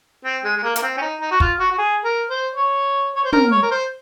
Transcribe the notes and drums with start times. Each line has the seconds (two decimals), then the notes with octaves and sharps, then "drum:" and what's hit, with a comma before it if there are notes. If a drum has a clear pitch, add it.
0.25 C4
0.44 G#3
0.57 G#3
0.63 A#3
0.76 A#3, drum: hi-hat
0.82 C4
0.97 C#4
1.01 D#4
1.21 D#4
1.31 F#4
1.40 F4, drum: kick
1.59 F#4
1.71 F#4
1.78 G#4
2.04 A#4
2.30 C5
2.55 C#5
3.15 C#5
3.24 C5
3.32 A#4, drum: tom
3.51 C#5
3.62 A#4
3.71 C5